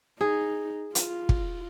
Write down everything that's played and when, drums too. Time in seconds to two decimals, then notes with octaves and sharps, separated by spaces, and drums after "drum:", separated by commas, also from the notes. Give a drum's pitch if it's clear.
0.21 D#4 G#4
0.95 F4, drum: hi-hat
1.29 drum: kick